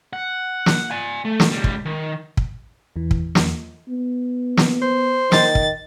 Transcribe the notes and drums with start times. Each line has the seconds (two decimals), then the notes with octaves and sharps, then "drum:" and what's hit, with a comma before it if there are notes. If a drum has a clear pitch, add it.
0.13 F#5
0.66 drum: snare
0.91 D5 G#5
1.25 A3
1.40 drum: snare
1.51 C#2 G3
1.64 drum: kick
1.86 D#3
2.37 drum: kick
2.96 E2 E3
3.11 drum: kick
3.35 drum: snare
3.89 B3
4.57 drum: snare
4.82 C5
5.32 D#3 A6, drum: snare
5.55 drum: kick